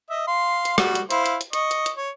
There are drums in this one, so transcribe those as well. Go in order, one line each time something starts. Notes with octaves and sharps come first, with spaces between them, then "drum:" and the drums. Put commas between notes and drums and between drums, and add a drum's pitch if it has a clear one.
D#5 E5
F5 C6
drum: hi-hat
G3 F#4, drum: rim click
drum: hi-hat
E4 C5 F5, drum: hi-hat
drum: hi-hat
drum: hi-hat
D#5 C#6, drum: hi-hat
drum: hi-hat
drum: hi-hat
C#5